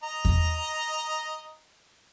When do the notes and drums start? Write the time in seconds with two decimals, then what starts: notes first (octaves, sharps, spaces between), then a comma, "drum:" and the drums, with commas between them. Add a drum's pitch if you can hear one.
0.03 D#5 A#5
0.25 drum: kick E2